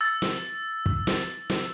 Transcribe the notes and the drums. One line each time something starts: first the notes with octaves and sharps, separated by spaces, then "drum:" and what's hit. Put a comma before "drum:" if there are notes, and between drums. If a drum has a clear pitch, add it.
E6 A6
drum: snare
drum: kick
drum: snare
drum: snare